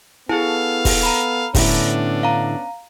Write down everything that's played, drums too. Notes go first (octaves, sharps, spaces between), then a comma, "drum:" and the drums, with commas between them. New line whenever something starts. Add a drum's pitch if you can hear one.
B3 E4 G#4 A4 F5 G#5
drum: kick, open hi-hat
A#5 B5
A2 D3 B3 C#4 D4 E4, drum: kick, open hi-hat
F5 A#5